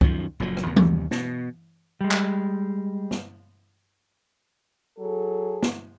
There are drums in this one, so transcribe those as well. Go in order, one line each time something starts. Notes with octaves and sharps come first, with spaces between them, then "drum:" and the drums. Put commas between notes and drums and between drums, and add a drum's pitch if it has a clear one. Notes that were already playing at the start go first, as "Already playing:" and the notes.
F#2 D#3 F3, drum: kick C#2
F#1 A#2 F3 F#3
drum: rim click
D#2 C3
drum: tom E3
B2, drum: snare
G3 G#3
drum: clap
drum: snare
F#3 G#4 A4
drum: snare